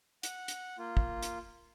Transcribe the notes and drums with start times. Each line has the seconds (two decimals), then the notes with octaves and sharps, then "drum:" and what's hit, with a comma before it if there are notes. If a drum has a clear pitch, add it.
0.23 F#5, drum: hi-hat
0.48 drum: hi-hat
0.78 A#3 F4
0.97 drum: kick
1.23 drum: hi-hat